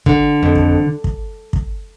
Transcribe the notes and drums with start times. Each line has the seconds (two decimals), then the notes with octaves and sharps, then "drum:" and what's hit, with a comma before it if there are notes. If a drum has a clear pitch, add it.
0.06 D3, drum: kick
0.43 F2
0.55 drum: kick
1.04 drum: kick
1.53 drum: kick